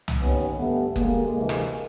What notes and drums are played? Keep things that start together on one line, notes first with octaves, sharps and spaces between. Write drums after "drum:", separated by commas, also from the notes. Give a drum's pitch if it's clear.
drum: tom C2
D#2 D#3 B3 C#4
G2 D3 A3 B3
G2 D3 G#3 A#3, drum: kick F#1
D2 C3 E3 G#3 A#3
drum: rim click